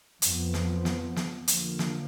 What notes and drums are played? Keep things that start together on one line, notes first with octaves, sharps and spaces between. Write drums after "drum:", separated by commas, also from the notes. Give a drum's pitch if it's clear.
F2 F3 B3, drum: hi-hat
drum: snare
drum: snare
drum: snare
D3 F3 A#3, drum: hi-hat
drum: snare